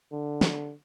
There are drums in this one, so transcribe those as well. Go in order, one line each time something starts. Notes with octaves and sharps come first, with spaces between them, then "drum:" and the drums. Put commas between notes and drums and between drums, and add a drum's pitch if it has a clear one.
D3
drum: snare